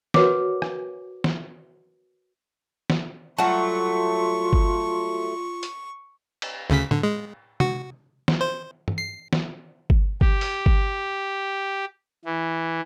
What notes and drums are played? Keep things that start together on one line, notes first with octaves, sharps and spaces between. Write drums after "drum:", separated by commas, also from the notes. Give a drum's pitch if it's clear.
F#4 A#4 B4 C#5 F#5 D6, drum: snare
drum: rim click
drum: snare
drum: snare
F#3 G3 A3 F4 F#5 A5 C#6
drum: kick G1
drum: hi-hat
drum: cymbal
D2 C#3 B6
D3, drum: tom A2
G#3
F#4, drum: tom
drum: snare
C5
drum: tom G2
C7
drum: snare
drum: kick G1
G4, drum: kick G1
drum: open hi-hat
drum: kick G1
E3